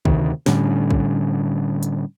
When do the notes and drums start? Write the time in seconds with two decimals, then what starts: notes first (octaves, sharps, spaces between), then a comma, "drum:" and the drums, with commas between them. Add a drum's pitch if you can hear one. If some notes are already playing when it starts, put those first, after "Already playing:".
0.05 D2 C3 D#3, drum: kick
0.46 A2 D3 G3 C#4, drum: snare
0.91 drum: kick
1.83 drum: hi-hat